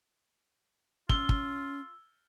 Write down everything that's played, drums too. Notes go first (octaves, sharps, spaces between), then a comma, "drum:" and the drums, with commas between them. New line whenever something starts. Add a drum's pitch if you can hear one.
C#4 F4 E6 G7, drum: kick
drum: kick